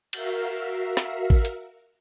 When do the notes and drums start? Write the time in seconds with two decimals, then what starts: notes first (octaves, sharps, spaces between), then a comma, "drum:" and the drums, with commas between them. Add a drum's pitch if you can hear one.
0.13 F#4 A#4 E5 F5, drum: cymbal
0.97 drum: snare
1.30 drum: kick
1.45 drum: hi-hat